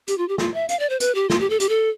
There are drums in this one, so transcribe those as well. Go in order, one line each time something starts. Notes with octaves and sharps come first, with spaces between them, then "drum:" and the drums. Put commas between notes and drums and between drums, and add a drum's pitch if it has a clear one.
G4, drum: hi-hat
F4
G4
F4, drum: snare
E5
F5, drum: hi-hat
D5
C5
B4, drum: hi-hat
G4
F4, drum: snare
G4
A4
G4, drum: hi-hat
A4